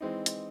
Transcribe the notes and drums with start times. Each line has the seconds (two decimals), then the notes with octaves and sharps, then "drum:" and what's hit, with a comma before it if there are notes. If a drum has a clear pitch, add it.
0.01 E3 G#3 C4 D#4
0.26 drum: hi-hat